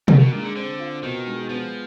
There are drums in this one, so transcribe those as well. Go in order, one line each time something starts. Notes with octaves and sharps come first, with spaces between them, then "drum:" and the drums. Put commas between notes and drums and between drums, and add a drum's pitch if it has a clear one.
B2 D#3, drum: tom
B2
A#2 G#3
D3
D3 C4
F4
B2 D#3
G#3
F3 B3